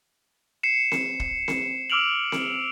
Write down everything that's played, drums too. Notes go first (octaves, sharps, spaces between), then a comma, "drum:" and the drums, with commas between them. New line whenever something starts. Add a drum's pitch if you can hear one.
C7 C#7 E7
drum: snare C4
drum: kick
drum: snare C4
D6 E6 F6 D7 F7 F#7
drum: snare C4